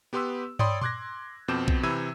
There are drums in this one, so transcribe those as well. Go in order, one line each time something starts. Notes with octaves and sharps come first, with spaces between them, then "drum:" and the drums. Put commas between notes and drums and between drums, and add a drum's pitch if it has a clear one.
B3 G4 B4 C6 D#6 E6
C#5 D5 G5 B5 C6 D#6, drum: tom
C6 D6 F#6 G#6 A#6, drum: tom A#2
F2 B2 C4 D6 G6 E7
drum: kick A#1
C3 E3 B5 E6 G#6 D#7